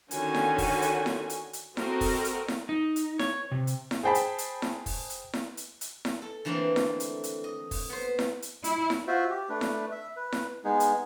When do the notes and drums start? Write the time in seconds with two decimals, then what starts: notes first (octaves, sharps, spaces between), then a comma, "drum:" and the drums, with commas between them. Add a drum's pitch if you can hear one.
0.11 D3 D#3 C#4 F#4 G#5, drum: hi-hat
0.34 drum: snare E4
0.58 drum: kick, open hi-hat
0.82 drum: hi-hat
1.06 drum: snare E4
1.30 drum: hi-hat
1.53 drum: hi-hat
1.77 C4 F#4 A4 A#4 D#5, drum: snare E4
2.01 drum: kick, open hi-hat
2.25 drum: hi-hat
2.48 drum: snare E4
2.69 D#4
2.96 drum: hi-hat
3.19 C#5, drum: snare E4
3.52 C3
3.67 drum: hi-hat
3.91 drum: snare E4
4.03 G#4 C5 G5 A5 B5
4.15 drum: hi-hat
4.38 drum: hi-hat
4.62 drum: snare E4
4.86 drum: kick, open hi-hat
5.10 drum: hi-hat
5.33 drum: snare E4
5.57 drum: hi-hat
5.81 drum: hi-hat
6.05 drum: snare E4
6.22 A4
6.45 D3 E3 A3 A#3 C4
6.76 drum: snare E4
7.00 drum: hi-hat
7.24 drum: hi-hat
7.44 D#5
7.71 drum: kick, open hi-hat
7.89 B3 C5
8.19 drum: snare E4
8.42 drum: hi-hat
8.64 E4, drum: hi-hat
8.90 drum: snare E4
9.07 F4 F#4 C5 E5
9.30 G4
9.49 A3 D4 B4
9.61 drum: snare E4
9.91 E5
10.16 B4
10.32 drum: snare E4
10.64 G#3 B3 D#4 G#4
10.80 drum: hi-hat